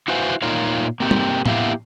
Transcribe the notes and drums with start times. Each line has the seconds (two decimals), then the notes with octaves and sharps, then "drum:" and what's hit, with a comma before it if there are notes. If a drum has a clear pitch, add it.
0.08 E4 F#4 B4 C5 F5 G#5
0.42 A#2 D#4 F4 A#4 C#5 F5
1.00 A#3 C4 G4
1.11 drum: tom
1.46 A#3 B3 E4 G4 F5, drum: tom